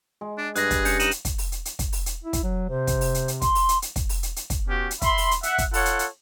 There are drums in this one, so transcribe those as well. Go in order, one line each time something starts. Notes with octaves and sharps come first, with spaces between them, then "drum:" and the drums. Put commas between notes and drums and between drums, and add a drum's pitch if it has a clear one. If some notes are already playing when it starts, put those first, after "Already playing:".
G#3
D4
G2 G#4 F#6 A#6, drum: hi-hat
drum: kick, hi-hat
C#4 G6 C#7, drum: open hi-hat
D#4 D#7 E7 F#7, drum: hi-hat
drum: hi-hat
drum: kick, hi-hat
drum: open hi-hat
drum: hi-hat
drum: hi-hat
drum: kick, hi-hat
drum: open hi-hat
drum: hi-hat
E4
drum: kick, hi-hat
F#3
C3 C5
drum: kick, hi-hat
drum: open hi-hat
drum: hi-hat
drum: hi-hat
C6, drum: kick, hi-hat
drum: open hi-hat
drum: hi-hat
drum: hi-hat
drum: kick, hi-hat
drum: open hi-hat
drum: hi-hat
drum: hi-hat
drum: kick, hi-hat
B3 C#4 F#4 G4
drum: hi-hat
E5 B5 C6, drum: kick, hi-hat
drum: open hi-hat
drum: hi-hat
E5 F#5, drum: hi-hat
drum: kick, hi-hat
F4 A4 C#5 F#5, drum: open hi-hat
drum: hi-hat
drum: hi-hat